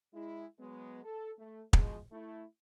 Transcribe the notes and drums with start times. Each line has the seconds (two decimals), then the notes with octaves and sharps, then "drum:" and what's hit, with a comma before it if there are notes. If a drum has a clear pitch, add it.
0.14 G#3 E4
0.59 F#3 G#3 B3
1.04 A4
1.38 A3
1.73 B2 F3 G#3, drum: kick
2.12 A3 E4